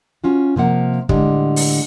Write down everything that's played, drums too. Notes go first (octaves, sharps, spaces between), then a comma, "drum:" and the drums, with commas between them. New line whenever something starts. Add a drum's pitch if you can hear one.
C#4 F4 F#4
C3 F3 A#3 F#5
A2 D3 G3 G#3, drum: kick
drum: open hi-hat